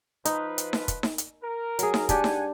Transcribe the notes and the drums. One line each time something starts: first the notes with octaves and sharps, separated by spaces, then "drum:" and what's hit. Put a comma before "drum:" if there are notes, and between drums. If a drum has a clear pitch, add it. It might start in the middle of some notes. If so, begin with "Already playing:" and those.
F3 D#4 B4, drum: hi-hat
drum: hi-hat
drum: snare D#4
drum: kick, hi-hat
drum: snare D#4
drum: hi-hat
A#4
F#3 G#4, drum: hi-hat
drum: snare D#4
G3 D4 G4 F#5 G#5, drum: kick, hi-hat
drum: snare D#4